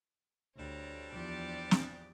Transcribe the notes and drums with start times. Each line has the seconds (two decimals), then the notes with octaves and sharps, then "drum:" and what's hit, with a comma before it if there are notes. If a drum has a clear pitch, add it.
0.57 D2 G3 C4 D4 C#5 A#5
1.12 E2 F3 G4 D5
1.71 drum: snare